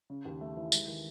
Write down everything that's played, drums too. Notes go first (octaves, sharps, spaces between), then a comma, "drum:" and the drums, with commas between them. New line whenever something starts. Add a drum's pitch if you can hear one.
C#3
D#2
A3
E3
G#3, drum: tambourine
D#3